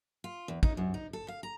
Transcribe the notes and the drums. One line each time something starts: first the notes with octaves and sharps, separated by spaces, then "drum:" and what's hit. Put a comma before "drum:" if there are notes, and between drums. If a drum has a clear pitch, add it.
F4
E2
D#4, drum: kick
F#2
D#4
A4
F5
A#5